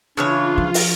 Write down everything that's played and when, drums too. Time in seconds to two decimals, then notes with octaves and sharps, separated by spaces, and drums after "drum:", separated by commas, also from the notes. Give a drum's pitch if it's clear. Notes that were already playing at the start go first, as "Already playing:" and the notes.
0.17 C#3 E3 D4 F4 C#5
0.58 F3
0.74 drum: open hi-hat